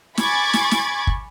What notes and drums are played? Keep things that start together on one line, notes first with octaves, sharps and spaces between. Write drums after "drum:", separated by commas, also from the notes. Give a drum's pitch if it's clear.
G#5 B5 C#6 D6 G#6 A6, drum: snare
drum: snare
drum: snare
drum: kick